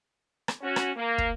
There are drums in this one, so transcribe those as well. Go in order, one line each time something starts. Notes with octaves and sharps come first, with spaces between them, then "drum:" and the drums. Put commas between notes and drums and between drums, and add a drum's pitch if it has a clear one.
drum: rim click
C#4 F#4
drum: rim click
A#3
drum: kick